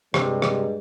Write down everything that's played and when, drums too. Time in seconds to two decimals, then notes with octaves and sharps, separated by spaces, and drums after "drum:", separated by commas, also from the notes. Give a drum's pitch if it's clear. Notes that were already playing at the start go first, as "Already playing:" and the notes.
0.14 G2 C3 G#3, drum: rim click
0.42 drum: rim click